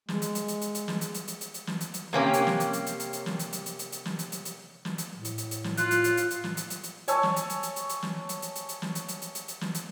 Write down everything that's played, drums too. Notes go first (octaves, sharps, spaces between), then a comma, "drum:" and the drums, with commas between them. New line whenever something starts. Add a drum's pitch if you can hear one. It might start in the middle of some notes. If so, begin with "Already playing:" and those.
G#3, drum: snare
drum: hi-hat
drum: hi-hat
drum: hi-hat
drum: hi-hat
drum: hi-hat
drum: snare
drum: hi-hat
drum: hi-hat
drum: hi-hat
drum: hi-hat
drum: hi-hat
drum: snare
drum: hi-hat
drum: hi-hat
C3 A#3 C#4 G4
drum: hi-hat
drum: snare
drum: hi-hat
drum: hi-hat
drum: hi-hat
drum: hi-hat
drum: hi-hat
drum: snare
drum: hi-hat
drum: hi-hat
drum: hi-hat
drum: hi-hat
drum: hi-hat
drum: snare
drum: hi-hat
drum: hi-hat
drum: hi-hat
drum: snare
drum: hi-hat
A2
drum: hi-hat
drum: hi-hat
drum: hi-hat
drum: snare
F4 F#6, drum: hi-hat
drum: hi-hat
drum: hi-hat
drum: hi-hat
drum: hi-hat
drum: snare
drum: hi-hat
drum: hi-hat
drum: hi-hat
C#5 G#5 A5 C#6 E6, drum: hi-hat
drum: snare
drum: hi-hat
drum: hi-hat
drum: hi-hat
drum: hi-hat
drum: hi-hat
drum: snare
drum: hi-hat
drum: hi-hat
drum: hi-hat
drum: hi-hat
drum: snare
drum: hi-hat
drum: hi-hat
drum: hi-hat
drum: hi-hat
drum: hi-hat
drum: snare
drum: hi-hat